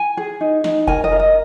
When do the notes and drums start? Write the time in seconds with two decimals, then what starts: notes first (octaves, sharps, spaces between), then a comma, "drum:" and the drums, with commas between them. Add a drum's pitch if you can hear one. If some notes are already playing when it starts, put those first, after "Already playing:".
Already playing: G#5
0.17 G#4
0.41 D#4
0.64 D#4, drum: snare
0.87 A#4 G#5, drum: kick F1
1.04 D#5
1.12 A#4
1.19 D#5